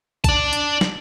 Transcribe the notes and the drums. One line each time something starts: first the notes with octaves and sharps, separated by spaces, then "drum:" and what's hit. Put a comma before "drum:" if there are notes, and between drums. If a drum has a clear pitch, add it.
D5 A5, drum: kick A1, hi-hat
drum: hi-hat
drum: snare